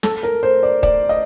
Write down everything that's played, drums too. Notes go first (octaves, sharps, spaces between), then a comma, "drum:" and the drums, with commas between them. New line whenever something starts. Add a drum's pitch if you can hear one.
A4, drum: snare
A#4
C5
D5
D5, drum: kick D#1
D#5